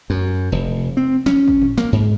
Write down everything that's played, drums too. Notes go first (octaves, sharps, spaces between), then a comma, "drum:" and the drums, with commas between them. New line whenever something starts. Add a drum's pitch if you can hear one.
F#2
F1
C4
C#4, drum: snare
drum: kick G#1
drum: tom
A#3, drum: snare
G#2